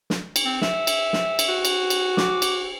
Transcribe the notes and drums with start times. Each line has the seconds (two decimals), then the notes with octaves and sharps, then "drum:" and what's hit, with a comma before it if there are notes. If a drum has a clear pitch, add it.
0.10 drum: snare
0.36 drum: cymbal
0.45 C4
0.61 E5, drum: snare
0.87 drum: cymbal
1.13 drum: snare
1.39 drum: cymbal
1.48 F#4
1.65 drum: cymbal
1.90 drum: cymbal
2.17 D6, drum: snare
2.42 drum: cymbal